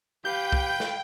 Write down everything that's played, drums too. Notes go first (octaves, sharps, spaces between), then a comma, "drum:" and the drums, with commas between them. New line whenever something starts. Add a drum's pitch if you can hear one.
G4 B4 F5 G5 G6
drum: kick C2
drum: snare